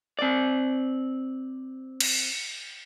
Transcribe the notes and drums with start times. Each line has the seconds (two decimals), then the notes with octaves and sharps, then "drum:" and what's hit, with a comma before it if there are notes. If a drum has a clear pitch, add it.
0.19 C4 D5
2.00 drum: cymbal